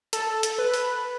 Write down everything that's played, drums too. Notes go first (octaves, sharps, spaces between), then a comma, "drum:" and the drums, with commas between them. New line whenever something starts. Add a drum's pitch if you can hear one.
A4, drum: hi-hat
drum: hi-hat
B4
drum: open hi-hat